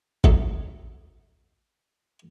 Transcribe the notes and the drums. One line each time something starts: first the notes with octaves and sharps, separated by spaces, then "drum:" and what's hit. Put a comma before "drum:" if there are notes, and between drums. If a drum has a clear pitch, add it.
F#3 D#4 A4 E5, drum: kick